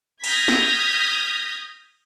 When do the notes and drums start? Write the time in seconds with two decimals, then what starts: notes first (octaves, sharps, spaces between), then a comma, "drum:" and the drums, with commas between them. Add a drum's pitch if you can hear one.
0.24 D#6 F6 G6 G#6 A#6 B6, drum: cymbal
0.48 drum: snare